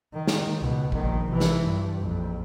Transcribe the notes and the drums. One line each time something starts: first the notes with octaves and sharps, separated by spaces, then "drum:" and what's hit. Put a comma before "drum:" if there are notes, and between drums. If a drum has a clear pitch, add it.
D#3
drum: snare
C#2 B2
A#1 D#3, drum: kick
C3 E3
drum: snare
G2
A#1 F2